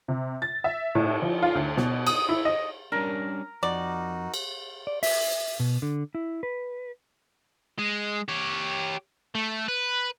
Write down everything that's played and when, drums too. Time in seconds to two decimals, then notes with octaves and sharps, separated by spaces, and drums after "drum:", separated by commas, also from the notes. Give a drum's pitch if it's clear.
0.08 C3
0.42 A6
0.64 E5
0.95 A2, drum: cymbal
1.22 F3
1.42 F4
1.55 D2
1.77 B2, drum: snare
2.07 D#6, drum: cymbal
2.29 E4
2.45 D#5
2.92 G3 C#4 D4 A#4
3.63 F2 D#4 F#4 D5
4.34 drum: cymbal
4.87 D5
5.03 E5, drum: open hi-hat
5.60 B2
5.82 D3
6.15 E4
6.43 B4
7.78 G#3
8.28 G4 C#5
9.35 A3
9.68 B4